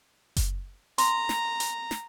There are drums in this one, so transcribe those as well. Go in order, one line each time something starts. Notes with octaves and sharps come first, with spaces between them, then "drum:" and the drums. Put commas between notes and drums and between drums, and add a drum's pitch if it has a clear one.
drum: kick F#1, hi-hat
A#5 C6, drum: hi-hat
drum: snare
drum: hi-hat
drum: snare